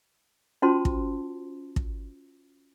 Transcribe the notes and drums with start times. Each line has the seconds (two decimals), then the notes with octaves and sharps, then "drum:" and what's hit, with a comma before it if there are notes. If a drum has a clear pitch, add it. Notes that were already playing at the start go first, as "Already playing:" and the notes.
0.62 C#4 F4 F#4 C5 A5 C6
0.85 drum: kick
1.76 drum: kick